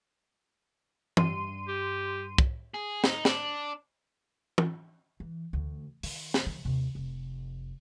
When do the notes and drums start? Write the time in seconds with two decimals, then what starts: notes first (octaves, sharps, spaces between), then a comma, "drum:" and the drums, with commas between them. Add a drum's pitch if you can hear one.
1.17 G2 C6 D#7, drum: tom
1.68 G4
2.38 drum: kick
2.74 G#4
3.04 D#4, drum: snare
3.25 D4, drum: snare
4.58 drum: tom
5.20 E3
5.53 D2
6.03 D#3, drum: open hi-hat
6.34 drum: snare
6.46 D#3 F#3
6.65 D#2 C3
6.95 F1